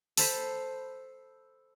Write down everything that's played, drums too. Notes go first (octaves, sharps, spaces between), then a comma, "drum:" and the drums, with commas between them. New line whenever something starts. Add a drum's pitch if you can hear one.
A4 C5 B5, drum: open hi-hat